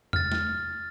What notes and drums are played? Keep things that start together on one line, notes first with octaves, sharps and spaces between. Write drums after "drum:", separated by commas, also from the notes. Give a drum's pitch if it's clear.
F6 A6, drum: tom E2
drum: snare